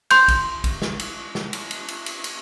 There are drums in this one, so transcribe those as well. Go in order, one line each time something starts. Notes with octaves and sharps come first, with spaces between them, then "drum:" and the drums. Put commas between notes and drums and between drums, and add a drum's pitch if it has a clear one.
C6 G6, drum: cymbal
drum: kick B1, cymbal
drum: kick B1, cymbal
drum: snare
drum: cymbal
drum: snare
drum: cymbal
drum: cymbal
drum: cymbal
drum: cymbal
drum: cymbal